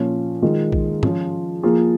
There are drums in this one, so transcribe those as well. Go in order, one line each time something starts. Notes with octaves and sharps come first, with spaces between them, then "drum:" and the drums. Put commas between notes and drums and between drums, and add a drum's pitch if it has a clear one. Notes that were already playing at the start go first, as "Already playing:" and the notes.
Already playing: A#2 F3 C#4
D#3 G#3 F4
drum: kick A#1
F3 C#4 F4, drum: tom
F3 A#3 F4 G#4